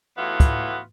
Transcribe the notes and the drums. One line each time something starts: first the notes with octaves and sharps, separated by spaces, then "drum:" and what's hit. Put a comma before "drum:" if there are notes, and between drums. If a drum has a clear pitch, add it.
A2 E3 B3 F4 F#4
drum: kick, hi-hat